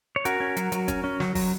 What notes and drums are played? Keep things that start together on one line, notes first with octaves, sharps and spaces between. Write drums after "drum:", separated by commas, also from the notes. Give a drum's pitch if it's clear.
C#5
C#4 F#4 A#4, drum: hi-hat
C#4
F#3, drum: hi-hat
F#3, drum: hi-hat
C#4, drum: kick F#1, hi-hat
C#4
F#3, drum: snare
F#3, drum: kick F#1, open hi-hat